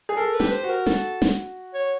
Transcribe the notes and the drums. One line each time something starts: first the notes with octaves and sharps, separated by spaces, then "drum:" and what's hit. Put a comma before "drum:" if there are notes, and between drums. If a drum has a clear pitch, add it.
G#4
A4 A#4
B4
G4, drum: snare
C5
F#4
A#4
F#4 A4, drum: snare
drum: snare
C#5